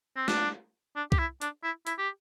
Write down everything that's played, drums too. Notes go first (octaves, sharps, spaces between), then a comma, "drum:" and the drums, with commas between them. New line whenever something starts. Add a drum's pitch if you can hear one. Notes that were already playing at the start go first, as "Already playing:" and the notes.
C4
D4, drum: snare
D4
G4, drum: kick C2
E4
D4, drum: hi-hat
E4
E4, drum: hi-hat
G4